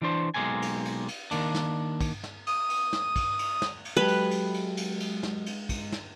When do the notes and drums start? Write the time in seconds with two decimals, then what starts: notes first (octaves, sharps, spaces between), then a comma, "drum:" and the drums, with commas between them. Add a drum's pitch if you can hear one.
0.02 E3 D4 C5
0.34 B1 C#3 G#3 A#3 C4 G#5
0.62 drum: cymbal
0.85 drum: cymbal
1.08 drum: cymbal
1.31 D#3 A#3 D4, drum: cymbal
1.54 drum: snare
2.01 drum: kick, cymbal
2.24 drum: snare
2.47 D#6, drum: cymbal
2.70 drum: cymbal
2.93 drum: snare
3.16 drum: kick, cymbal
3.39 drum: cymbal
3.62 drum: snare
3.85 drum: cymbal
3.97 F#3 G#3 G4 A4 B4
4.08 drum: cymbal
4.31 drum: cymbal
4.54 drum: cymbal
4.77 drum: cymbal
5.00 drum: cymbal
5.23 drum: snare
5.46 drum: cymbal
5.69 drum: kick, cymbal
5.92 drum: snare